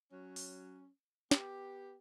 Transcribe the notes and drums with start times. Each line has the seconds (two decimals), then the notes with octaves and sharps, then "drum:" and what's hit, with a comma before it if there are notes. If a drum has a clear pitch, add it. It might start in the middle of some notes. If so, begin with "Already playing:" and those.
0.12 F#3 C#4
0.36 drum: open hi-hat
1.31 B3 G4, drum: snare